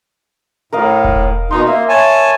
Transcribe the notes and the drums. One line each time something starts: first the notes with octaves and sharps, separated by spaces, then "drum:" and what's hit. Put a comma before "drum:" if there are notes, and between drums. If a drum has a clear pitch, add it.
A2 A#4 D#5 F5
drum: kick E1
B2 D#4 C6 D#6
A#3 E5
C#5 G#5 A5